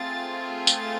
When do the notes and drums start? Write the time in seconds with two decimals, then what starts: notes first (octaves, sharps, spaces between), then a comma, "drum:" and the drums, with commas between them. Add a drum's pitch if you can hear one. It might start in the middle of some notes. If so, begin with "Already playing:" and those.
Already playing: A3 C4 F4 G#4 A6
0.67 A6, drum: tambourine